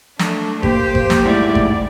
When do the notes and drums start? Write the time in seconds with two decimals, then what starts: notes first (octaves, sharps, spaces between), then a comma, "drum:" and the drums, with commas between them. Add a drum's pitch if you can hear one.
0.19 A3 D4, drum: snare
0.63 A#3 G4 C5, drum: kick G#1
0.95 drum: kick G#1
1.10 drum: snare
1.25 G#2 A3 E4 D5
1.55 drum: kick G#1